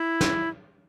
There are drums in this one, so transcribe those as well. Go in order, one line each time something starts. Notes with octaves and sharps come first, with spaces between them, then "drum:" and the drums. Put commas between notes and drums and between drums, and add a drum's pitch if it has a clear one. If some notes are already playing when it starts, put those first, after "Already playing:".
Already playing: E4
drum: snare